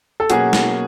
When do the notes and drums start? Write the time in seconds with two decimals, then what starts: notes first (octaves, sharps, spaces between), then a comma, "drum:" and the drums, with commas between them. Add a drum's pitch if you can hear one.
0.20 A4
0.30 B2 F#3 A#3 C#4 F#4 G#4, drum: hi-hat
0.53 drum: snare